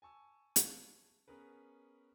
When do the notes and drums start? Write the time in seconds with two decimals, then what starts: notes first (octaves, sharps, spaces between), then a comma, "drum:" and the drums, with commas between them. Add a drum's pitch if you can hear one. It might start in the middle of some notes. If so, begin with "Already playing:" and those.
0.02 G#5 A5 C#6 E6
0.56 drum: hi-hat
1.28 B3 C#4 G#4 A#4 B4